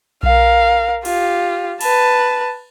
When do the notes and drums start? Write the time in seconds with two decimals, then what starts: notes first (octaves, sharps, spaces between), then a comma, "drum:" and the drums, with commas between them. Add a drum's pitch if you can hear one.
0.23 A#4 F5, drum: kick B1
1.05 F4 G4, drum: cymbal
1.81 B4 A5, drum: cymbal